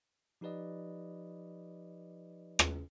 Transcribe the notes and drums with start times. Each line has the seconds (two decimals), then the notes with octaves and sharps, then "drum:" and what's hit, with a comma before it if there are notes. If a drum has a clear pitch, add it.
0.41 F3 D#4 G4 B4 D5 D#5
2.59 drum: rim click